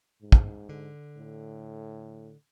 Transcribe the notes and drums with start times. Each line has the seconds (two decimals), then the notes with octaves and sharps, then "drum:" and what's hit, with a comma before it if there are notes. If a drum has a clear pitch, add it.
0.22 G#2
0.32 drum: kick
0.69 D3
1.17 A2